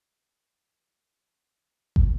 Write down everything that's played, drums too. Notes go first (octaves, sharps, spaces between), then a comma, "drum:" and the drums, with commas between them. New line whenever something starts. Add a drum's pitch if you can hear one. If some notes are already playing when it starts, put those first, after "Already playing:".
E4 A#4
drum: kick